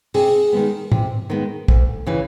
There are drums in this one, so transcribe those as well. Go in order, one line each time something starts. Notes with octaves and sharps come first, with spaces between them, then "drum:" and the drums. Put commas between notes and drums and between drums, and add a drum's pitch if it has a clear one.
C3 G#4, drum: open hi-hat
D#3 G#3 B3
C3, drum: tom G#2
D#3 G#3 B3
D2, drum: kick
C#3 E3